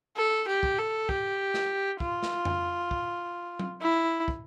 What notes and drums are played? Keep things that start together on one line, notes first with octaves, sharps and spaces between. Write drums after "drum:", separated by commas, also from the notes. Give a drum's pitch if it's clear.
A4
G4
drum: kick
A4
G4, drum: kick
drum: snare
F4, drum: kick
drum: snare
drum: tom F2
drum: kick
drum: tom F#3
E4
drum: kick